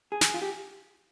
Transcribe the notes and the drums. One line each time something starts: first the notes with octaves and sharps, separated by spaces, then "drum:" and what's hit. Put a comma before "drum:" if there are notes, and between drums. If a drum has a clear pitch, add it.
G#4
drum: snare
F4
G4